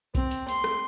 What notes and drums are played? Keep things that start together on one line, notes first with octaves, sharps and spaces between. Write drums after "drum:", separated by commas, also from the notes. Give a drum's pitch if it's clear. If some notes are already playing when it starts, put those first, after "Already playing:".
C4, drum: kick B1, hi-hat
drum: hi-hat
C6, drum: hi-hat
drum: rim click